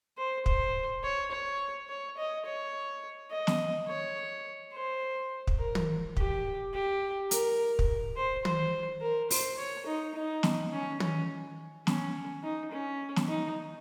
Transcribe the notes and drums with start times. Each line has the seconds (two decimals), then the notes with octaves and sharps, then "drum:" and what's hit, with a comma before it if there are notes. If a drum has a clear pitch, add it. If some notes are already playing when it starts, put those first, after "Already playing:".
0.18 C5
0.46 C5, drum: kick
1.04 C#5
1.31 C#5
1.89 C#5
2.18 D#5
2.46 C#5
3.31 D#5
3.47 drum: snare
3.88 C#5
4.74 C5
5.47 drum: kick
5.59 A#4
5.75 drum: tom
6.17 G4, drum: kick
6.74 G4
7.31 A#4, drum: hi-hat
7.79 drum: kick
8.17 C5
8.45 C5, drum: tom
9.02 A#4
9.31 C5, drum: open hi-hat
9.58 C#5
9.87 D#4
10.15 D#4
10.43 drum: snare
10.73 C#4
11.00 C#4, drum: tom
11.87 C#4, drum: snare
12.43 D#4
12.72 C#4
13.16 drum: snare
13.29 D#4